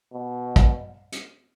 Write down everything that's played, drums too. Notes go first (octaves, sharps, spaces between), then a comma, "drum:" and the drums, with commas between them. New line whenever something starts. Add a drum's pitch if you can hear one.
B2
drum: kick, hi-hat
drum: hi-hat